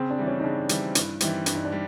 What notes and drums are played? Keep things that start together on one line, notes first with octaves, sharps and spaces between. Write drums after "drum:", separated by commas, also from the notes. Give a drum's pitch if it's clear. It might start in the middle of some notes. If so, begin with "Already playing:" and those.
Already playing: C#3 C4
D4
E3 G3
C#4
D#4
C#3 D4
E3 G3, drum: hi-hat
G2 E4, drum: hi-hat
E3 G3 C4 D#4, drum: hi-hat
G2 D4, drum: hi-hat
D#4
D4
G3